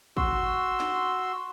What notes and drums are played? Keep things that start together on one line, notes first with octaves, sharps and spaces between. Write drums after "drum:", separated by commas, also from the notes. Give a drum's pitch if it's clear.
F#4 C6 E6, drum: kick
drum: snare